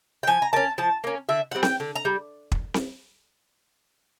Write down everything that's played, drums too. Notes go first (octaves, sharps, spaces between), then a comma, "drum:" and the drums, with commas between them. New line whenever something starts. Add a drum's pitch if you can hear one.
G5
F3 G#5
A#5
A#3 C#4 A5
F3 A5
A#3 C#4
D3 E5
G3 C4 F#5
G5, drum: snare C4
D3
A#5
G3
drum: kick
drum: snare C4